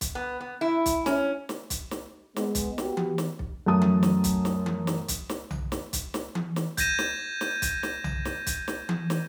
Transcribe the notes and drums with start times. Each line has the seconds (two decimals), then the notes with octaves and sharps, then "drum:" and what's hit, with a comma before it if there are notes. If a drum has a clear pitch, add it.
0.01 drum: kick B1, hi-hat
0.15 B3
0.41 B3
0.61 E4
0.86 drum: kick B1, hi-hat
1.06 C#4, drum: snare
1.49 drum: snare
1.70 drum: kick B1, hi-hat
1.91 drum: snare
2.36 G#3 B3, drum: snare
2.55 drum: kick B1, hi-hat
2.78 B3 F#4 G4, drum: snare
2.97 drum: tom E3
3.18 drum: snare
3.39 drum: kick B1
3.66 F#2 A3 A5 D#6
3.81 drum: tom E3
4.03 drum: snare
4.24 drum: kick B1, hi-hat
4.45 drum: snare
4.66 drum: tom E3
4.87 drum: snare
5.08 drum: kick B1, hi-hat
5.29 drum: snare
5.51 drum: tom B1
5.72 drum: snare
5.93 drum: kick B1, hi-hat
6.14 drum: snare
6.35 drum: tom E3
6.56 drum: snare
6.77 G6 G#6 A#6 D#7 E7, drum: kick B1, hi-hat
6.99 drum: snare
7.41 drum: snare
7.62 drum: kick B1, hi-hat
7.83 drum: snare
8.04 drum: tom B1
8.25 drum: snare
8.46 drum: kick B1, hi-hat
8.68 drum: snare
8.89 drum: tom E3
9.10 drum: snare